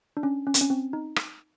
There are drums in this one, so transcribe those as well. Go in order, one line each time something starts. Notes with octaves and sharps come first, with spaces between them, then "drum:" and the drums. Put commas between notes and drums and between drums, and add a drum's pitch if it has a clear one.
D4
C#4
C#4
C4, drum: hi-hat
C#4
C4
D#4
drum: rim click